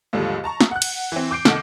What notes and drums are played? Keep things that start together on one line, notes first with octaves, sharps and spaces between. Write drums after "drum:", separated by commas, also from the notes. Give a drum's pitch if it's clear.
D#2 G#2 D3 F3 G3
A5 A#5 C#6
drum: snare
F#5 F#6
drum: cymbal
E3 C4
D6 G6 C7 D7
C2 D#3 A4 F#5, drum: snare